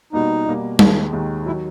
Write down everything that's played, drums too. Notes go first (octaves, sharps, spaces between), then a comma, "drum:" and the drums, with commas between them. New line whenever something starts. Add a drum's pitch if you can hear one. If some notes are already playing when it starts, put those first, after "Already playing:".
B2 G3 A#3 D#4
B2 G3 A#3
D#2 D#3 G#3, drum: tom G3
D#2 D#3 G#3
D#3 F#3 E4